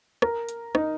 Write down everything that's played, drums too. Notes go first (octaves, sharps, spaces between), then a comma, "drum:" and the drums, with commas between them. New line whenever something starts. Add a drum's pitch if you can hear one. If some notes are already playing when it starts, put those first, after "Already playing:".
A#4, drum: rim click
drum: hi-hat
D#4, drum: rim click